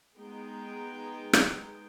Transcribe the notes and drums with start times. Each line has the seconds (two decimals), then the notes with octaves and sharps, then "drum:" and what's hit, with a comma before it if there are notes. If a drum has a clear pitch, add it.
0.18 G#3 B3 D#4 G#4 G5
1.33 drum: rim click